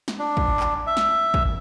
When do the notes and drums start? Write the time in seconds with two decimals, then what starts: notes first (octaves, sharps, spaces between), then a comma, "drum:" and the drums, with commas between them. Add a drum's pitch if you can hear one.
0.08 drum: snare
0.19 D4
0.37 drum: kick
0.60 drum: clap
0.87 E5
0.97 drum: snare
1.34 drum: kick